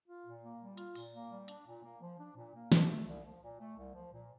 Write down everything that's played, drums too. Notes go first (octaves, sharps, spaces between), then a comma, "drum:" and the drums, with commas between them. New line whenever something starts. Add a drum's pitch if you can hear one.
F4
A#2
A#3
G3
F4, drum: hi-hat
A#2, drum: open hi-hat
A#3
G3
D4, drum: hi-hat
A#2
A#3
F3
D4
A#2
A#3
F3, drum: snare
A3
C2
F3
A#2
A3
C2
F3
A#2